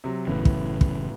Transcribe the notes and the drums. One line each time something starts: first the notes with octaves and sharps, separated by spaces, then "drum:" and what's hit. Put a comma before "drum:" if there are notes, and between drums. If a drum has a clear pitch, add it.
C3 F#3
F#1 A2 C#3 E3 B3
drum: kick
drum: kick